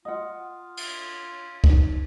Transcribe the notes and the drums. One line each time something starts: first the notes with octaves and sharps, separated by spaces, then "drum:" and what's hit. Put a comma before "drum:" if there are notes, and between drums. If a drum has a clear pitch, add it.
F4 D#5 F#5 D#6
drum: cymbal
D#4, drum: kick